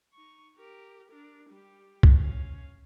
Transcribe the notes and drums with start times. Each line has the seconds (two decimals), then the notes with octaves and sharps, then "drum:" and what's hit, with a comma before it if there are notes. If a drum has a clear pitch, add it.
0.13 D#4 C#6
0.57 G4 A#4
1.10 D4 A#4
1.49 G3 G4
2.03 drum: kick
2.17 C#4 F5